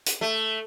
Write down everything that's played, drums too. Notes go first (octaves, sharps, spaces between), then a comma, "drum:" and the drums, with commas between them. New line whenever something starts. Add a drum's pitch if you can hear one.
drum: hi-hat
A3